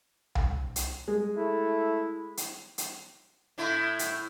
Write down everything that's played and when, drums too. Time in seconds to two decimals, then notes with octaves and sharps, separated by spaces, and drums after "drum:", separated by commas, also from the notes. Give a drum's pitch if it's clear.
0.35 drum: tom C2
0.76 drum: hi-hat
1.08 G#3
1.36 A3 E4
2.37 drum: hi-hat
2.78 drum: hi-hat
3.58 A2 A3 E4
3.99 drum: hi-hat